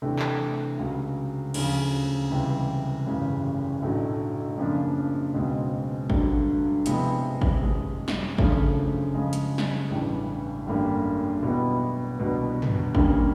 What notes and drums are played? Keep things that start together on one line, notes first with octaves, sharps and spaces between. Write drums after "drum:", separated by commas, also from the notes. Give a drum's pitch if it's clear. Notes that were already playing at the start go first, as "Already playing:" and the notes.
C3 E3 A3 D4
drum: clap
C#2 C#3 F#3
D2 C#3 F3, drum: cymbal
C#2 C3 E3 G3
G#1 F#2 C#3 E3
B1 A2 F#3 A3 D4
F#2 C#3 F3 A#3 D4
C#2 B2 G#3 C4
G2 D3 F#3, drum: kick G#1
C3 F3 G#3 B3 E4, drum: hi-hat
drum: kick G#1
F#2 D#3 G#3
drum: snare
F#2 C#3 F3 A3 D4, drum: kick G#1
C#3 F3 G#3
drum: hi-hat
drum: snare
A1 G2 E3 G3
G#1 F#2 D3 G3 A#3
B2 G3 B3 E4
C2 B2 F#3 B3 D4
drum: tom
D2 D3 G3 A#3 C#4, drum: kick G#1